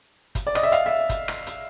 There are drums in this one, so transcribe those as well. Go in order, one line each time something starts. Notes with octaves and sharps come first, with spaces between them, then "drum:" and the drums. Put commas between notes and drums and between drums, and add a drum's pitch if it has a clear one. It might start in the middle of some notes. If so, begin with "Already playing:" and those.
drum: kick, hi-hat
D5
D#5, drum: rim click
E5
F5, drum: hi-hat
E5
drum: kick, hi-hat
drum: rim click
drum: hi-hat